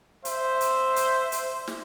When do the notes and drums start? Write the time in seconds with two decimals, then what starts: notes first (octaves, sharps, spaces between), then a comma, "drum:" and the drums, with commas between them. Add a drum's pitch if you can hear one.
0.25 C5 E5, drum: hi-hat
0.61 drum: hi-hat
0.96 drum: hi-hat
1.32 drum: hi-hat
1.67 drum: snare